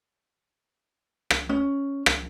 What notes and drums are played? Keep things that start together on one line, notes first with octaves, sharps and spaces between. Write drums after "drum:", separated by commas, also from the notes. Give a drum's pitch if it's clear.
drum: rim click
C#4
drum: rim click